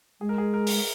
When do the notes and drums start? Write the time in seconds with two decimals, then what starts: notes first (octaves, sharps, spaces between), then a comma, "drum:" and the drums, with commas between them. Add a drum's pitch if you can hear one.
0.21 G#3 G#4
0.29 A#4
0.38 G#4
0.54 A#4
0.67 drum: open hi-hat